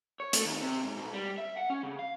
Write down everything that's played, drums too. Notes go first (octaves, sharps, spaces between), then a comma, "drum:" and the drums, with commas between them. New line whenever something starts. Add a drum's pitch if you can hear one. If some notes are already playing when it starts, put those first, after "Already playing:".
C#5
A3, drum: hi-hat
D#2
C3
G#2
B1
G3
E5
F#5
C#4
C#3
F5